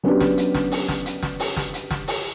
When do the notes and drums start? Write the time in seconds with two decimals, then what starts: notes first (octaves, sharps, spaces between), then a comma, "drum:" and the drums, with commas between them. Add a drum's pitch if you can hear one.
0.04 F#3 B3 C#4 D4 G4
0.21 drum: snare
0.38 drum: hi-hat
0.55 drum: snare
0.72 drum: open hi-hat
0.89 drum: snare
1.06 drum: hi-hat
1.23 drum: snare
1.40 drum: open hi-hat
1.57 drum: snare
1.74 drum: hi-hat
1.91 drum: snare
2.08 drum: open hi-hat